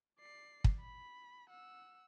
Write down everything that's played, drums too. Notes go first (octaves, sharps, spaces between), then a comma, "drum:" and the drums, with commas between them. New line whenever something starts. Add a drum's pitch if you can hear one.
D5 C7
drum: kick
B5
F#5 E6